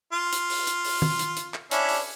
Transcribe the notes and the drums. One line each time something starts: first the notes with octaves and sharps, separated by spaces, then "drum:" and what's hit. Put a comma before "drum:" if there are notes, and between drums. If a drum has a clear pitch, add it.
F4
drum: hi-hat
drum: open hi-hat
drum: hi-hat
drum: open hi-hat
drum: tom D#3
drum: hi-hat
drum: hi-hat
drum: clap
C#4 D4 E4, drum: hi-hat
drum: open hi-hat